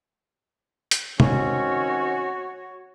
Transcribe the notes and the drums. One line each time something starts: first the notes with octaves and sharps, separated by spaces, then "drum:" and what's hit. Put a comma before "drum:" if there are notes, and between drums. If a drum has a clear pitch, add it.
drum: hi-hat
D#3 C4 C#4 F#4 C#5, drum: tom